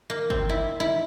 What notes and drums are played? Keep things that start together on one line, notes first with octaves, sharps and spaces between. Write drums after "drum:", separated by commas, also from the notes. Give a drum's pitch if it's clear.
A#3
C4, drum: kick G1
E4
E4